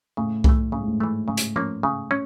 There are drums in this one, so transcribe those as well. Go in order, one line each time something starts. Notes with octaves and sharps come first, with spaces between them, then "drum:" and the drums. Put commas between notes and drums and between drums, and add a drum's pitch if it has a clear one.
A2 C#3
E3 A3, drum: kick C2
A2 C#3
G#2
A2
E3 A3
C#3
drum: hi-hat
F3 A#3 C#4
C#3
C#4